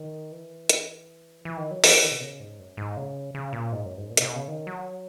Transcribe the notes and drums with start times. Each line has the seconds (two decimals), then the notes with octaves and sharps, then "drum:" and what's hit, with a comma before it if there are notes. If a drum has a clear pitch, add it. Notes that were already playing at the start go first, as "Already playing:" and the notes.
Already playing: D#3
0.32 E3
0.69 drum: hi-hat
1.45 E3
1.57 D#3
1.71 F#3
1.84 E3, drum: open hi-hat
2.02 D#3
2.12 B2
2.21 C#3
2.40 G#2
2.59 F#2
2.77 G#2
2.97 C#3
3.35 C#3
3.53 A#2
3.72 G#2
3.85 F#2
3.98 G#2
4.10 A#2
4.17 C#3, drum: hi-hat
4.22 B2
4.36 C#3
4.48 D#3
4.67 F#3